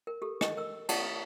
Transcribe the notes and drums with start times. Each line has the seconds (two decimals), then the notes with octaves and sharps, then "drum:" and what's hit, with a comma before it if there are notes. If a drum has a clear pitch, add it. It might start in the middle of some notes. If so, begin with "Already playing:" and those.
0.07 A#4
0.22 G4 A4
0.41 D#5, drum: rim click
0.57 A#4 E6
0.89 D5 F#5 A5, drum: cymbal